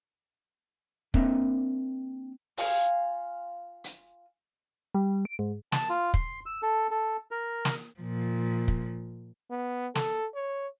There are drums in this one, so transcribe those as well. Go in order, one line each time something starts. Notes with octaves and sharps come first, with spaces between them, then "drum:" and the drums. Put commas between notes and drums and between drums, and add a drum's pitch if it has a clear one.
A#3 C4 D4 A#4 E5, drum: kick
F4 F5 G#5, drum: open hi-hat
drum: hi-hat
G3
D7
G#2
A5, drum: snare
F4
C6, drum: kick
E6
A4
A4
A#4
drum: snare
A#2 F3
drum: kick
B3
A4, drum: snare
C#5